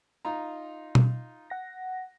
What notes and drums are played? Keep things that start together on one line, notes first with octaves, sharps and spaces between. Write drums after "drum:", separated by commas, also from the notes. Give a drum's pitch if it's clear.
D#4 F4 A#5
drum: tom B2
F#5 A#6